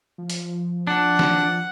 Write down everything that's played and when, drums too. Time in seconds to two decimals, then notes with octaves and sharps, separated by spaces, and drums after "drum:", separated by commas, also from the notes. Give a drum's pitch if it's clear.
0.18 F3
0.30 drum: hi-hat
0.87 D4 F#5
1.19 drum: snare